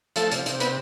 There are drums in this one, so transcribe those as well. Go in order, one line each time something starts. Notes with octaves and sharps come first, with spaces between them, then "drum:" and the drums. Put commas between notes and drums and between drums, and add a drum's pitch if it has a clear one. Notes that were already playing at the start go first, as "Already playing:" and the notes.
F3 A3 A4, drum: hi-hat
C3, drum: hi-hat
C3, drum: hi-hat
B3 B4, drum: hi-hat